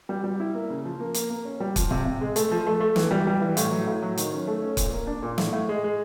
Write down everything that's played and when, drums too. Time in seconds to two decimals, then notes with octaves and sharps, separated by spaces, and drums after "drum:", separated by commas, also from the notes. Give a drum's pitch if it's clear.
0.09 G3
0.24 G3
0.40 E4
0.55 A#3
0.70 C#3
0.85 F3
1.00 A#3
1.14 A#3, drum: hi-hat
1.30 A#3
1.45 C#4
1.60 G3
1.76 F3, drum: kick, hi-hat
1.91 C3
2.05 C3
2.21 G#3
2.36 A3, drum: hi-hat
2.51 F3
2.67 A3
2.80 A3
2.96 E3, drum: snare
3.11 G3
3.27 G3
3.41 E3
3.57 A2, drum: hi-hat
3.71 F#3
3.87 A2
4.02 F#3
4.17 D#3, drum: hi-hat
4.33 C#4
4.47 A3
4.62 C#4
4.77 A#2, drum: kick, hi-hat
4.93 A#3
5.07 D4
5.23 A#2
5.38 A2, drum: snare
5.53 A2
5.69 G#3
5.84 G#3